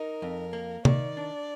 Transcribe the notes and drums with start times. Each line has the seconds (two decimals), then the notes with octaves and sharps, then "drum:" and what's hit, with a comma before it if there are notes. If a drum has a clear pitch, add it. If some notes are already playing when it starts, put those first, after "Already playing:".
Already playing: D#4 A#4
0.22 F2
0.53 A#3
0.85 D#3 D5, drum: tom C3
1.17 D4